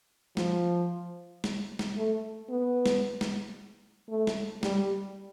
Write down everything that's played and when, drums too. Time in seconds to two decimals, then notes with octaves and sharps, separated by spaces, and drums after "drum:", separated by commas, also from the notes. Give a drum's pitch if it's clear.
0.37 F3, drum: snare
1.44 drum: snare
1.79 drum: snare
1.97 A3
2.50 B3
2.86 drum: snare
3.21 drum: snare
4.09 A3
4.27 drum: snare
4.63 G3, drum: snare